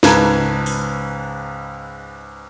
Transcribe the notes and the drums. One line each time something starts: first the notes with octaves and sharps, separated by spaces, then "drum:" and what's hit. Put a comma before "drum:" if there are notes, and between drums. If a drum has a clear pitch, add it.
C#2 G#2 B4 A5 A#5 G#6, drum: snare
drum: open hi-hat